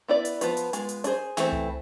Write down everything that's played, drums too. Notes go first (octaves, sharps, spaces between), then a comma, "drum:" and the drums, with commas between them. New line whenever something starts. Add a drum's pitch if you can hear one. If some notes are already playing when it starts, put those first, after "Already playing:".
B3 E4 B4 D5
drum: hi-hat
F3 B3 F4 B4, drum: hi-hat
drum: hi-hat
G#3 B3 F4, drum: hi-hat
drum: hi-hat
D4, drum: hi-hat
G#4 C5
E3 A3 C4, drum: snare
drum: tom C2